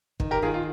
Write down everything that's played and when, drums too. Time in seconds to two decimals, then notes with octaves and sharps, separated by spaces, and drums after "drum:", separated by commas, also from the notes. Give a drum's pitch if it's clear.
0.20 D#3, drum: kick
0.31 G4 A#4
0.42 D#3 F4 G#4
0.54 F4